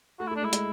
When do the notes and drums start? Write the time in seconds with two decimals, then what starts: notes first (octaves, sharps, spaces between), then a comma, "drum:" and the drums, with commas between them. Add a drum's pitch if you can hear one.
0.20 A3 F#4
0.27 E4
0.31 A3 D4
0.42 G#3
0.45 E4
0.53 G#3, drum: hi-hat